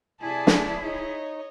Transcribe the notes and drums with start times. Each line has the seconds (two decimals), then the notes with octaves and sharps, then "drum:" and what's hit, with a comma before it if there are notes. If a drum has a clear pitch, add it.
0.21 C3 E4 G#4 D5 G#5 A5
0.47 drum: snare
0.83 D#4 C#5 D#5